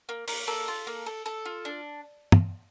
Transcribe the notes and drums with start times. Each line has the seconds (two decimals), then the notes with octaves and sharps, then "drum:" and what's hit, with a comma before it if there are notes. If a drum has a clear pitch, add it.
0.09 A#3
0.28 A#3, drum: open hi-hat
0.47 A#3 A4
0.68 F4
0.87 A#3
1.06 A4
1.26 A4
1.45 F4
1.65 D4
2.32 drum: tom